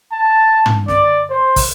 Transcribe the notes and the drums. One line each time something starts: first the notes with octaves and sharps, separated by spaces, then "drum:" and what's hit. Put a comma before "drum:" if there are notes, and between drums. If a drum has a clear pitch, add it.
A5
drum: tom
D5, drum: snare
C5
drum: kick, open hi-hat